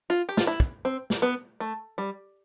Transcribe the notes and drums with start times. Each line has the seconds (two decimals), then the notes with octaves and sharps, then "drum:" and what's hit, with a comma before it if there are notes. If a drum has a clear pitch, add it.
0.10 F4
0.29 G4
0.37 F4, drum: snare
0.47 E4
0.60 drum: kick
0.85 C4
1.10 drum: snare
1.22 B3
1.60 A3
1.98 G3